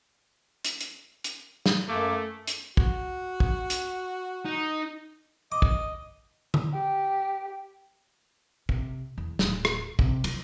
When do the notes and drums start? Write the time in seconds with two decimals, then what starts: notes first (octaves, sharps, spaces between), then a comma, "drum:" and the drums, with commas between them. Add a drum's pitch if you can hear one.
0.65 drum: hi-hat
0.81 drum: hi-hat
1.24 drum: hi-hat
1.66 drum: snare
1.89 F#2 A3 A#3 D6
2.47 drum: hi-hat
2.77 F#4, drum: kick
3.40 drum: kick
3.70 drum: hi-hat
4.45 D#4
5.52 D#5 D6
5.62 drum: kick
6.54 drum: tom D3
6.74 G4
8.69 C3, drum: kick
9.18 E2
9.39 D1, drum: snare
9.65 drum: rim click
9.99 C3, drum: kick
10.24 F3, drum: cymbal